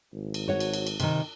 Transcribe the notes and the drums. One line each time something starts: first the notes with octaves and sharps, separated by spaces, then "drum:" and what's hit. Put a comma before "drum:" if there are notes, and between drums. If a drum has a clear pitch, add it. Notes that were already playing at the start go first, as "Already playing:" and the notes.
G#1
drum: cymbal
F#4 C#5 F#5
drum: cymbal
drum: cymbal
drum: cymbal
C3 D#3, drum: cymbal